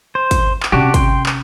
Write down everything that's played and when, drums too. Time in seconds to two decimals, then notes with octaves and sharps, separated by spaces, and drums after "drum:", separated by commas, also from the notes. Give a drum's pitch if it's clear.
0.15 C5
0.31 drum: kick, hi-hat
0.63 drum: clap
0.72 C3 C#4 D4 F#4 G4
0.94 G5 C6, drum: kick, hi-hat
1.26 drum: clap